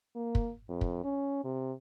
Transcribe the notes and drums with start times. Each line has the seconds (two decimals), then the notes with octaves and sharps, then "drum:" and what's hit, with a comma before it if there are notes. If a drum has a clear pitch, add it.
0.16 A#3
0.35 drum: kick
0.69 F2
0.81 drum: kick
1.04 C#4
1.44 C3